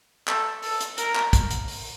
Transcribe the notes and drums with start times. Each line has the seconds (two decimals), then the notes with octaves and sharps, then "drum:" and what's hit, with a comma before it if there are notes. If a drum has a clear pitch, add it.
0.28 A4, drum: clap
0.63 A4, drum: open hi-hat
0.81 drum: hi-hat
0.98 A#4, drum: hi-hat
1.16 drum: clap
1.33 drum: kick, hi-hat
1.51 drum: hi-hat
1.68 drum: open hi-hat